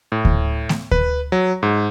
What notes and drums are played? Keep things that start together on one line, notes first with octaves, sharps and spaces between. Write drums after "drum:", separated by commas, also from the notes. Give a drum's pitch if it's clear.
A2
drum: kick D2
drum: snare A3
B4, drum: kick D2
F#3
G#2